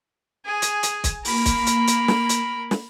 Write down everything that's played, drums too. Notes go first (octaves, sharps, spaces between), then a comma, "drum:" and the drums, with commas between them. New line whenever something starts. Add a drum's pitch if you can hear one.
G#4 G#5
drum: hi-hat
drum: hi-hat
drum: kick, hi-hat
A#3 A#4 B5, drum: open hi-hat
drum: kick, hi-hat
drum: hi-hat
drum: hi-hat
drum: snare
drum: hi-hat
drum: snare